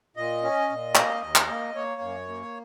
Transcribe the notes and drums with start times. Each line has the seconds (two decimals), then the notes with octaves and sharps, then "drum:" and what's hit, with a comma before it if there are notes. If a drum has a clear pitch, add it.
0.17 A#2 D#5
0.43 C#4
0.70 A#2
0.95 A#3, drum: clap
1.22 D#2
1.35 drum: clap
1.49 A#3
1.75 A#3 C#5
2.01 F#2
2.28 A#3